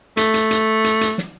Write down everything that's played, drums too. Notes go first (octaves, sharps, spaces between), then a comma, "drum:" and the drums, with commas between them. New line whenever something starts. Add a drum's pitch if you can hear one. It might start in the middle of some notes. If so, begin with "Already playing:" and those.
A3, drum: hi-hat
drum: hi-hat
drum: hi-hat
drum: hi-hat
drum: hi-hat
drum: snare